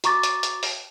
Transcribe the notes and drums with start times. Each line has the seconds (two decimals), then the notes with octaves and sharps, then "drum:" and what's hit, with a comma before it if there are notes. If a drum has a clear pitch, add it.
0.04 F#4 A#5 C#6 D6 A6, drum: hi-hat
0.23 drum: hi-hat
0.43 drum: hi-hat
0.63 drum: open hi-hat